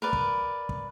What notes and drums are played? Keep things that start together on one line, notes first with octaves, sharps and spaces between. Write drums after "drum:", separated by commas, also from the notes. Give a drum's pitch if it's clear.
A#4 B4 D5
drum: kick
drum: kick